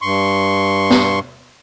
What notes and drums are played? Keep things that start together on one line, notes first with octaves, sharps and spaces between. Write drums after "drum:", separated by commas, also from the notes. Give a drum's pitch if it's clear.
G2 C6 C#6
drum: snare